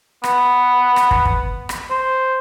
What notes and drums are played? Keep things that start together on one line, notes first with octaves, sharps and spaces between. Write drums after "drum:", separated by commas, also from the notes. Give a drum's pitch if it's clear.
B3, drum: rim click
drum: rim click
drum: kick
drum: kick
drum: rim click
C5